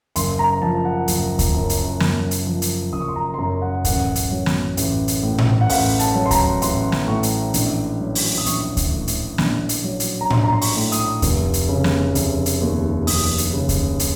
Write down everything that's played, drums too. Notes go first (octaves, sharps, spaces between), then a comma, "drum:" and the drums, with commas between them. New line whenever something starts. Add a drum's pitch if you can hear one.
F#1 C6, drum: hi-hat
A#5
F3 A5
F#5
F#1, drum: hi-hat
drum: kick D2, hi-hat
F#2
drum: hi-hat
F#1, drum: snare
drum: hi-hat
F3
drum: hi-hat
F#1 D#6
C#6
C6
A#5
C6
F#2 A#5
F#5
A1 F#5, drum: kick D2, hi-hat
drum: hi-hat
F#3
drum: snare
A1, drum: hi-hat
drum: hi-hat
A2
drum: tom A2
F#5
A1 F5, drum: open hi-hat
A5, drum: hi-hat
F#3
C6
A#5, drum: kick D2, hi-hat
A1 C6, drum: hi-hat
drum: snare
A2 C#6
drum: hi-hat
A#1, drum: hi-hat
F#3
drum: open hi-hat
D#6
A#1 C#6, drum: hi-hat
drum: kick D2, hi-hat
A2
drum: hi-hat
A#1, drum: snare
drum: hi-hat
F#3
drum: hi-hat
A#5
A#1 C6, drum: tom A2
A#5
C6
C#6, drum: open hi-hat
A2
D#6, drum: hi-hat
F1, drum: kick D2, hi-hat
drum: hi-hat
C#3
drum: snare
F1, drum: hi-hat
drum: hi-hat
D#2
F1 D#6, drum: open hi-hat
drum: hi-hat
C#3
drum: kick D2, hi-hat
drum: hi-hat